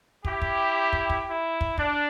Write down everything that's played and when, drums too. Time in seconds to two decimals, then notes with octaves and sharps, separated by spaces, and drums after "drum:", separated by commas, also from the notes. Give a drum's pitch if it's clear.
0.25 E4 G4, drum: kick
0.42 drum: kick
0.93 drum: kick
1.10 drum: kick
1.27 E4
1.61 drum: kick
1.78 D4, drum: kick